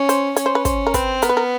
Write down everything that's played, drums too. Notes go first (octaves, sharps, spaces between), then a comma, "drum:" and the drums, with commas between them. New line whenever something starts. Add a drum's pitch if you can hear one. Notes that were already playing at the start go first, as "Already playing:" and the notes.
Already playing: C#4
C5, drum: hi-hat
C#4 C#5, drum: hi-hat
C5
B4
C5, drum: kick, hi-hat
A#4
C4 B4, drum: kick, hi-hat
B3 A#4, drum: hi-hat
B4
A#4